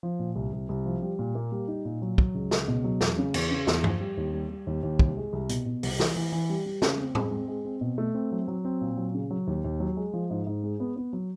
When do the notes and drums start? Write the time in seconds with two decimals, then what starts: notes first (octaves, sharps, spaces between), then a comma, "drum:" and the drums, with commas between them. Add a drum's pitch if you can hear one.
0.03 F3
0.19 A#2
0.36 C2
0.53 C2
0.69 C2
0.86 F3
1.02 G3
1.19 A#2
1.35 A#3
1.52 G3
1.68 D#4
1.85 A#2
2.02 F#3
2.18 F#3, drum: kick
2.35 C#2
2.51 C#2, drum: snare
2.68 B2
2.84 F#3
3.01 E2, drum: snare
3.18 C#3
3.34 E2, drum: cymbal
3.51 C#3
3.67 E2, drum: snare
3.84 F3, drum: tom G2
4.00 G3
4.17 D#2
4.34 G3
4.50 G3
4.67 D#2
4.83 D#2
4.99 C2, drum: kick
5.17 G#3
5.33 C2
5.49 B2, drum: hi-hat
5.66 B2
5.83 C2, drum: open hi-hat
6.00 E3, drum: snare
6.16 E3
6.32 E3
6.50 G3
6.66 G3
6.82 C#3, drum: snare
6.98 C4
7.15 G#3, drum: tom A2
7.31 C4
7.48 G#3
7.65 C4
7.81 B2
7.98 A3
8.14 C4
8.32 F#3
8.48 F#3
8.65 C4
8.81 A#2
8.97 F#3
9.14 C#3
9.30 F#3
9.47 D#2
9.64 D#2
9.80 F#3
9.97 G#3
10.13 F3
10.30 G#2
10.47 G#2
10.63 G#3
10.80 B3
10.96 B3
11.13 F#3